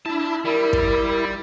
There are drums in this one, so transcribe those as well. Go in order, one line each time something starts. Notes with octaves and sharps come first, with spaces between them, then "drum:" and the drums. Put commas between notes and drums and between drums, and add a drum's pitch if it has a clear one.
D4 E4 A5
G3 A#4
drum: kick